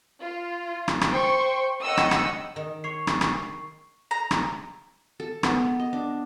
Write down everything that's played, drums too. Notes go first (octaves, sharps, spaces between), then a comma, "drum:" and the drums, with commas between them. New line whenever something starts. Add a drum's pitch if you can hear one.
F4
drum: rim click
drum: rim click
C5 G5 C6 C#6
C#5 D#5 F#5 G5 E6
drum: rim click
drum: rim click
D#3
C#5 C#6 C7
drum: rim click
drum: rim click
A#5
drum: rim click
A4
B3, drum: rim click
D#5
D4